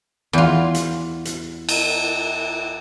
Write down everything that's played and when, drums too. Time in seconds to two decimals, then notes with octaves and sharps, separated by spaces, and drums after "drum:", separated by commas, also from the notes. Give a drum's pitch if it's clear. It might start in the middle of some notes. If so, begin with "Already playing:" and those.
0.33 E2 F4
0.74 drum: hi-hat
1.25 drum: hi-hat
1.69 drum: cymbal